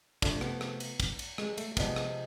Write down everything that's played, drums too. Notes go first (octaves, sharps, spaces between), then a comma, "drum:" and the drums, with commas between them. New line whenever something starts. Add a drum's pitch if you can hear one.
C3 F3 A3 D4, drum: kick, cymbal
B3, drum: rim click
drum: rim click
drum: cymbal
drum: kick, cymbal
drum: cymbal
G#3, drum: rim click
A3, drum: cymbal
C3 F3 G#3 B3 D4, drum: kick, cymbal
drum: rim click